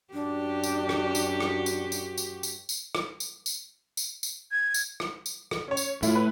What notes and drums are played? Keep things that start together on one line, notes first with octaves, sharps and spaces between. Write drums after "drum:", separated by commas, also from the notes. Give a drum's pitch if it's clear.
F#2 D4 F#4 G4
drum: tambourine
drum: rim click
drum: tambourine
drum: rim click
drum: tambourine
drum: tambourine
drum: tambourine
drum: tambourine
drum: tambourine
drum: rim click
drum: tambourine
drum: tambourine
drum: tambourine
drum: tambourine
G#6
drum: tambourine
drum: rim click
drum: tambourine
drum: rim click
C#4 C#5
drum: tambourine
A2 E4 F4, drum: tambourine
B4